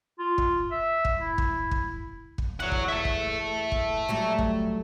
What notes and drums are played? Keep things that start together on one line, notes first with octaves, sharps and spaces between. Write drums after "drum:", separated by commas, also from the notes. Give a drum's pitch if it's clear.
F4
drum: kick
E5
drum: kick
E4
drum: kick
drum: kick
drum: kick
E2 C#5 F#5
drum: kick
E5 A5
drum: kick
drum: kick
F#3 G3 A3
drum: kick